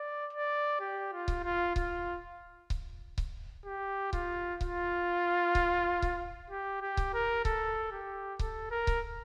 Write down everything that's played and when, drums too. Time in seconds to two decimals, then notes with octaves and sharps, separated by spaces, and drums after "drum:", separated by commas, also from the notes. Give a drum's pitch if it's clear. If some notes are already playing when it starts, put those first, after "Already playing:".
Already playing: D5
0.33 D5
0.80 G4
1.13 F4
1.28 drum: kick C#1
1.44 F4
1.76 F4, drum: kick C#1
2.70 drum: kick C#1
3.18 drum: kick C#1
3.66 G4
4.13 F4, drum: kick C#1
4.61 F4, drum: kick C#1
5.55 drum: kick C#1
6.02 drum: kick C#1
6.50 G4
6.82 G4
6.97 drum: kick C#1
7.14 A#4
7.45 A4, drum: kick C#1
7.92 G4
8.39 A4, drum: kick C#1
8.71 A#4
8.87 drum: kick C#1